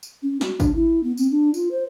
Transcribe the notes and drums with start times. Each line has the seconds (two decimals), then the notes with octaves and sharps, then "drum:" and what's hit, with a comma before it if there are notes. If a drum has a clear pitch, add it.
0.03 drum: tambourine
0.22 C#4
0.41 F#4, drum: snare
0.60 D4, drum: kick, tambourine
0.75 E4
1.03 B3
1.17 C4, drum: tambourine
1.31 D4
1.54 F4, drum: tambourine
1.71 C5